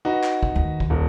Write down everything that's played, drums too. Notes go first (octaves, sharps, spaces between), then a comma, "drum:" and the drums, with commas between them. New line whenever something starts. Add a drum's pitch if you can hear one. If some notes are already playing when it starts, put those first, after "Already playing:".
D#4 F#4 B4
drum: clap
drum: kick G1
D#2
drum: kick G1
D#1